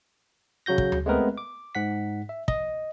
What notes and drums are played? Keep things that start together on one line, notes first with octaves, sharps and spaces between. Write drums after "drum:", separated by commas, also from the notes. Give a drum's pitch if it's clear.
C#3 F#3 F#4 G6 A#6
drum: kick
drum: tom D2
G#3 A3 B3 C4 A#4 B4
D6
G#2 F#5 B6
E5
D#5, drum: kick